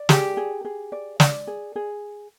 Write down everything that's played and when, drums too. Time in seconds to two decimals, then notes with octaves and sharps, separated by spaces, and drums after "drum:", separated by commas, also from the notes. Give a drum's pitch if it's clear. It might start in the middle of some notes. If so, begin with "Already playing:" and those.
Already playing: D5
0.09 G4 G#4, drum: snare
0.37 G#4
0.65 G#4
0.92 D5
1.20 D5, drum: snare
1.47 G#4
1.76 G#4